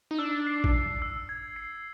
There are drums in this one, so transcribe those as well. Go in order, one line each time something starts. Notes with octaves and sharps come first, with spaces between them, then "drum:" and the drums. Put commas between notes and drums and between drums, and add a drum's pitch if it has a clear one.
D#4
D4 E6
C7
drum: kick
C7
E6
G#6
C7